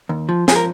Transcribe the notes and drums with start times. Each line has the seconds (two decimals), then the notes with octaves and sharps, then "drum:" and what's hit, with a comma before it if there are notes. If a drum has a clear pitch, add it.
0.09 D#2
0.29 F3
0.48 F3 G#4, drum: snare
0.56 A#4